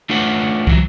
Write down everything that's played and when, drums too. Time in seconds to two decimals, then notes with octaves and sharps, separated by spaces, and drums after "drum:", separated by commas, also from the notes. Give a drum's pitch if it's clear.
0.10 A3 D4 F4 B4 C#5 F#5
0.67 E3 F#3, drum: kick